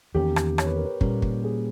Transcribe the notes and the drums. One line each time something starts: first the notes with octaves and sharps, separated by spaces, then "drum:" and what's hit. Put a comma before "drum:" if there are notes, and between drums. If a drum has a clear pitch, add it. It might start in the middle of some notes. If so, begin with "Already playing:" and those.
E2 D#3 A#3 C#4 G4
drum: rim click
C#5, drum: rim click
B4
A#4
B4
A#2 G3 A#3 C#4 A#4, drum: kick
drum: kick
G#4